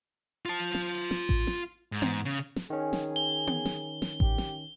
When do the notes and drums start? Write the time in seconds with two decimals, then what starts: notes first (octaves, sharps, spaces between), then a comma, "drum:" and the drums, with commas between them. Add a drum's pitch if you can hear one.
0.46 F4 A5
0.74 drum: snare
1.11 drum: snare
1.29 drum: kick A1
1.47 drum: snare
1.92 G#2
2.02 drum: tom B3
2.25 C#3
2.56 drum: snare
2.70 D#3 C#4 G#4
2.93 drum: snare
3.16 G7
3.47 drum: tom B3
3.65 drum: snare
4.02 drum: snare
4.20 G4, drum: kick A1
4.38 drum: snare